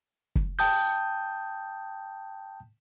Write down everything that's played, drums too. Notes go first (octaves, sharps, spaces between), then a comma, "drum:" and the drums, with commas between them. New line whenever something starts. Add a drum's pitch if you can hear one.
drum: kick
G5 A5 D#6 G6, drum: open hi-hat